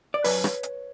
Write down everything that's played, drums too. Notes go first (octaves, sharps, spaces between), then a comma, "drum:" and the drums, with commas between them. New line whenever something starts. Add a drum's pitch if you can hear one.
D5
F#2 B4 C#5, drum: open hi-hat
drum: rim click
drum: hi-hat